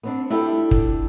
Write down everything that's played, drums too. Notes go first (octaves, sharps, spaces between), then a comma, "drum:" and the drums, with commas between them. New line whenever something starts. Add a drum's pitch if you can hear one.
B3 C4 D4
D4 E4 F4 G4 A4
drum: kick